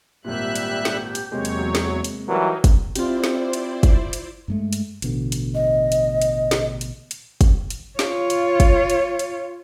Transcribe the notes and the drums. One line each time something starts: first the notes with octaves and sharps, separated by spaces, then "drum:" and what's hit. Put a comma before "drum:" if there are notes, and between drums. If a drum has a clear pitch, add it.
G#1 A#2 G3 G4 E5 F#6
drum: hi-hat
drum: snare
drum: hi-hat
E2 C3 F#3 G#3 A#3 C#5
drum: hi-hat
drum: snare
drum: hi-hat
E3 F#3 G3 D#4 A#4
drum: kick, hi-hat
C4 E4 F4 G4 C5 D5, drum: hi-hat
drum: snare
drum: hi-hat
drum: kick, hi-hat
drum: hi-hat
G2 G#3 A3
drum: hi-hat
A1 B2 D3, drum: hi-hat
drum: hi-hat
D#5
drum: hi-hat
drum: hi-hat
drum: snare
drum: hi-hat
drum: hi-hat
drum: kick, hi-hat
drum: hi-hat
F4 C#5, drum: snare
drum: hi-hat
drum: kick, hi-hat
drum: hi-hat
drum: hi-hat